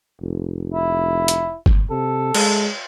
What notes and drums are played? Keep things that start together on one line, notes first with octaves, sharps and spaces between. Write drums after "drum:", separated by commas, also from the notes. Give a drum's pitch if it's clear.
F1
E4
drum: hi-hat
drum: kick G1
C3 A4
G#3, drum: cymbal